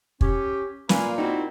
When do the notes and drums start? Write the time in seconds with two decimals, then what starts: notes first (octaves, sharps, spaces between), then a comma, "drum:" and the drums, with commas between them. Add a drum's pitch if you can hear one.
0.21 C#4 G4, drum: kick
0.89 A#2 A#4 B4 F5 G#5, drum: snare
1.18 C4 D#4 E4 F#4